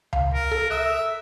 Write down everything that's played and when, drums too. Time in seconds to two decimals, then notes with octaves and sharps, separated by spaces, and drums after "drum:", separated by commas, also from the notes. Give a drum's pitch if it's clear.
0.13 F5, drum: tom C#2
0.34 A#4
0.52 A4
0.70 E5 D#6 F#6